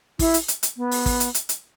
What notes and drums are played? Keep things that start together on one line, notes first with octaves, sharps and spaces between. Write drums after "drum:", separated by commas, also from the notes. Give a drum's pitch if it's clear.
E4, drum: kick, open hi-hat
drum: hi-hat
drum: hi-hat
drum: hi-hat
B3
drum: open hi-hat
drum: kick, open hi-hat
drum: hi-hat
drum: hi-hat
drum: hi-hat